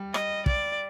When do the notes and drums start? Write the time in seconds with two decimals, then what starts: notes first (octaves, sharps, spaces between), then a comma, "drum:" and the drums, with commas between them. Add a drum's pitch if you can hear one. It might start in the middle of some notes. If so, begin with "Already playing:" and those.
Already playing: G3
0.14 D#5, drum: rim click
0.46 D5, drum: kick